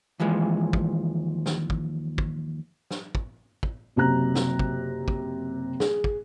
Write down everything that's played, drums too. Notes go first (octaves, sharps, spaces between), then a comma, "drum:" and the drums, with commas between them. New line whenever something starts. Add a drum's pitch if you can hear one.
D#2 E3 F3 G#3
drum: kick
drum: snare
drum: kick
drum: kick
drum: snare
drum: kick
drum: kick
F#1 C3 F#3 A#5 F#6
drum: snare
drum: kick
drum: kick
G#4, drum: snare
drum: kick